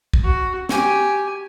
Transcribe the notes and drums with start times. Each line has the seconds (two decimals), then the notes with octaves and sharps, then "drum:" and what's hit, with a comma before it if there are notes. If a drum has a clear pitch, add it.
0.13 drum: kick
0.24 F#4
0.69 G4 G#5, drum: snare